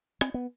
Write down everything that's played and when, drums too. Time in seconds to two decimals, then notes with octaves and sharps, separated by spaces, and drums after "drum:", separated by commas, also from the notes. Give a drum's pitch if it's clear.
0.21 C4, drum: rim click
0.34 B3